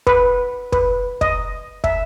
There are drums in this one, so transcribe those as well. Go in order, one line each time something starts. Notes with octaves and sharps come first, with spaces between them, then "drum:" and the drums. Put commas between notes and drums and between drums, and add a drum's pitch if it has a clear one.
B4, drum: kick
B4, drum: kick
D#5, drum: kick
E5, drum: kick